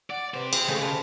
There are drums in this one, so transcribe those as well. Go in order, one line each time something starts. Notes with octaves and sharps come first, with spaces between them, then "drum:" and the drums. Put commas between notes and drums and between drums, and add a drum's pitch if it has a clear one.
D5 F#5
G4 B4 C5
G#4 G5, drum: cymbal
C#3 G#3 A3 C5
B4 A5